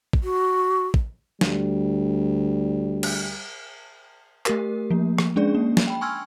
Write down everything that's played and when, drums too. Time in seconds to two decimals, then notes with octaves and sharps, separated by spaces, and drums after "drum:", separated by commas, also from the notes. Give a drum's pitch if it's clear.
0.13 drum: kick
0.24 F#4
0.94 drum: kick
1.41 D2 G3, drum: snare
3.03 drum: cymbal
4.46 A3 G4 A#4, drum: clap
4.90 F3 A#3
5.18 drum: rim click
5.36 G#3 C#4 D4 G#4 D5
5.55 A#3
5.77 drum: snare
5.87 G5 B5
6.01 G#5 C6 C#6 E6 F6 G#6